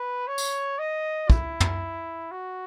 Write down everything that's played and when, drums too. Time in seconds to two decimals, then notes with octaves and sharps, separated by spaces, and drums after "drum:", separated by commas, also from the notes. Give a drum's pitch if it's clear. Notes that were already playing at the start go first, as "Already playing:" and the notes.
Already playing: B4
0.27 C#5
0.38 drum: tambourine
0.79 D#5
1.30 E4, drum: kick
1.60 drum: tom
2.31 F#4